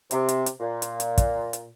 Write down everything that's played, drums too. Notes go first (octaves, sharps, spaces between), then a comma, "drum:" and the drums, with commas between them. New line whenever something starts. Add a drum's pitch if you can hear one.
C3, drum: hi-hat
drum: hi-hat
drum: hi-hat
A#2
drum: hi-hat
drum: hi-hat
drum: kick, hi-hat
drum: hi-hat